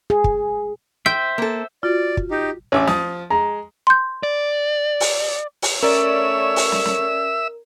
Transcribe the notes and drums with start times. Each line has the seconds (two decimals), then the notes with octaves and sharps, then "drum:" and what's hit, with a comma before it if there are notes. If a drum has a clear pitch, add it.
0.10 G#4
0.24 drum: kick
1.06 C5 E5 G5
1.38 A#3 A4
1.83 F4 F#4 D5
2.17 drum: kick
2.31 D#4 G4
2.72 A1 C#4 E5 D6
2.87 F3 D#6, drum: snare
3.30 G#3 A#5
3.87 C6 G6
4.23 D5
5.00 drum: open hi-hat
5.62 drum: open hi-hat
5.83 A3 C#4 A#4 C#5 D5 E5 E6
6.56 drum: open hi-hat
6.72 drum: snare
6.85 drum: snare